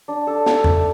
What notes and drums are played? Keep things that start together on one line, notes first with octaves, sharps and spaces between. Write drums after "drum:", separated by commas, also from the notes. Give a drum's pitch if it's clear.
D4
A4
A4, drum: snare
E5, drum: tom E2